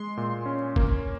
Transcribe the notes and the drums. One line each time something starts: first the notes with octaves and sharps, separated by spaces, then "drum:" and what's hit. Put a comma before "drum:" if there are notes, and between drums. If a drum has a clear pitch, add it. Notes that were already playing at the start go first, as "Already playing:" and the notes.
Already playing: G#3 C6
A#2
C#4
A#3, drum: kick G#1